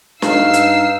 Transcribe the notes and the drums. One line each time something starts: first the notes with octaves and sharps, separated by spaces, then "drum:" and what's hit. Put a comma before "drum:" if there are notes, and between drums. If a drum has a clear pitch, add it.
G2 D#4 F5 E6 C7, drum: snare
drum: hi-hat